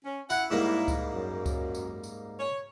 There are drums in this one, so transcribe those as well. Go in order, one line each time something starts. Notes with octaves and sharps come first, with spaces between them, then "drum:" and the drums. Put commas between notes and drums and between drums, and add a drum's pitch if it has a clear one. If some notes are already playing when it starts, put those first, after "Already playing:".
C#4
E4 F#5, drum: tambourine
G#2 G3 A#3 E4
drum: kick C#2, tambourine
F#2
drum: kick C#2, tambourine
drum: tambourine
drum: tambourine
C#5